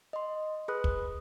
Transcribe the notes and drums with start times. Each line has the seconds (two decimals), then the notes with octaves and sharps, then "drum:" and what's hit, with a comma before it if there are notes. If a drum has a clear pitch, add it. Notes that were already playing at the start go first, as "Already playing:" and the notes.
0.13 D#5 C6
0.68 G#4 B4 B5 D#6 F#6
0.84 drum: kick